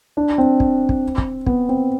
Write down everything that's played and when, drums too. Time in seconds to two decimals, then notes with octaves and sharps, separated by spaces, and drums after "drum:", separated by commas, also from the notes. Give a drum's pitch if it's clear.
0.17 D4
0.38 C4
0.60 drum: kick
0.89 drum: kick
1.18 drum: kick
1.46 B3, drum: kick
1.69 C4